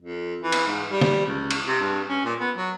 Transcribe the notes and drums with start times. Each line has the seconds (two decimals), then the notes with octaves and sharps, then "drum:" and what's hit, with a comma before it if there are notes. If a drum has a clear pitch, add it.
0.02 F2
0.43 E3
0.52 drum: cymbal
0.67 G#2
0.90 G3
1.01 drum: snare
1.26 C#2
1.51 drum: cymbal
1.67 C3
1.80 G2
2.09 C#4
2.25 A#2
2.40 B3
2.56 F#3